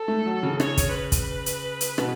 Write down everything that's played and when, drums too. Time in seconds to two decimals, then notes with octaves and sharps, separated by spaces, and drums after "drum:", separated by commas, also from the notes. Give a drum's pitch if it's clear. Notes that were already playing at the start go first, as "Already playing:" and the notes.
Already playing: A4
0.08 A3
0.26 F#3
0.43 C#3
0.60 C#5, drum: rim click
0.77 drum: kick, hi-hat
0.94 B4
1.12 drum: kick, hi-hat
1.46 drum: hi-hat
1.81 drum: hi-hat
1.98 B2, drum: rim click